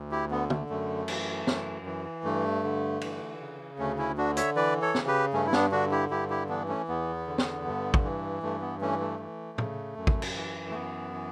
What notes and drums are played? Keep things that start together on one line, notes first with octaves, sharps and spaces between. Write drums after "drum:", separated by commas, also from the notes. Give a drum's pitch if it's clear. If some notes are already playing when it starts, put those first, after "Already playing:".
Already playing: D2
E4 G4
D3 B3
A3, drum: tom
F#2 A3
E3, drum: cymbal
F#2, drum: snare
E3
G2 A3
D3
E3, drum: cymbal
C#3
D2 A3 C#4
C#4 E4
D3 D4 F#4
C#5 E5, drum: hi-hat
E3 B4 D5
A4 C#5
C#3, drum: snare
G4 B4
G2 A3 C#4
E4
B3 D4, drum: snare
D3 D4 F#4
E4 G4
G2 E4 G4
E4 G4
E3 B3 D4
A3 C#4
E2 B3
D3
drum: snare
G2
drum: kick
E3
G2 A3
B3
E3 A3 C#4
A3
E3
C#3, drum: tom
F#2
drum: kick
drum: cymbal
E3
A3
F#2 B3
E3